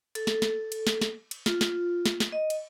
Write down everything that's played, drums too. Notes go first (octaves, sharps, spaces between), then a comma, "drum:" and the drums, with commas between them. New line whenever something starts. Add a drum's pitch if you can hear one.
A4, drum: cymbal
drum: snare
drum: snare
drum: cymbal
drum: snare
drum: snare
drum: cymbal
F4, drum: snare
drum: snare
drum: snare
drum: snare
D#5
drum: cymbal